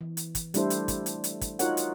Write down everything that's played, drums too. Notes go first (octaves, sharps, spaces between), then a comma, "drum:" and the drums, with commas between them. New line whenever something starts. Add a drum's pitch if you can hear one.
E3
drum: hi-hat
drum: kick, hi-hat
G3 A3 D4 E4 A4 C5, drum: hi-hat
drum: hi-hat
drum: kick, hi-hat
drum: hi-hat
drum: hi-hat
drum: kick, hi-hat
D#4 F4 F#4 A#4 C#5 F#5, drum: hi-hat
drum: hi-hat